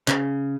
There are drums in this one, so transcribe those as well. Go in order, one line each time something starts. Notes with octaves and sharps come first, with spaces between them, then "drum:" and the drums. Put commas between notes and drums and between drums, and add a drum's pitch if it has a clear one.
C#3, drum: clap